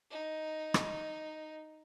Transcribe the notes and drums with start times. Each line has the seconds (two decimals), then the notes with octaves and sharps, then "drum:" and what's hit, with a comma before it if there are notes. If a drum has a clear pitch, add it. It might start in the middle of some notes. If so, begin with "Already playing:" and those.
0.11 D#4
0.74 drum: rim click